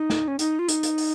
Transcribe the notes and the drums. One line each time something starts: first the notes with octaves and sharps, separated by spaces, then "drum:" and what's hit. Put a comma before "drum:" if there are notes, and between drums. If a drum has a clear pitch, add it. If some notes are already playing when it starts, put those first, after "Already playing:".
Already playing: D#4
drum: snare
C#4
D#4, drum: hi-hat
F4
D#4, drum: hi-hat
drum: hi-hat
drum: open hi-hat